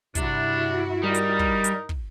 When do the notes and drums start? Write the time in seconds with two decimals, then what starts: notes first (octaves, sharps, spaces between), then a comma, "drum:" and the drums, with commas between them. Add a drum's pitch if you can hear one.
0.15 G2 C3 D4 E4 F#4, drum: kick, hi-hat
1.03 G3 D#4 A#4
1.15 drum: hi-hat
1.39 drum: kick
1.64 drum: hi-hat
1.89 drum: kick